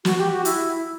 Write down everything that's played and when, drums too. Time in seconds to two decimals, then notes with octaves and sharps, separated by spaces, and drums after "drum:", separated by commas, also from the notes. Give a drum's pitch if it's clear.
0.05 F#4, drum: snare
0.18 G4
0.32 F#4
0.45 E4, drum: hi-hat